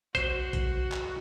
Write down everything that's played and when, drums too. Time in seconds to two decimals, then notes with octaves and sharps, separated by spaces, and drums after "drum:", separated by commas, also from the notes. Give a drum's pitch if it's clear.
0.15 F#4 C5, drum: kick A#1, hi-hat
0.53 drum: kick A#1, hi-hat
0.92 drum: clap